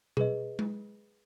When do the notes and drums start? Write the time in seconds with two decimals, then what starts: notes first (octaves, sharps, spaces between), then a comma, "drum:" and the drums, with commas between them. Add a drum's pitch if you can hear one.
0.17 G#4 B4 D#5, drum: tom B2
0.59 drum: tom G#3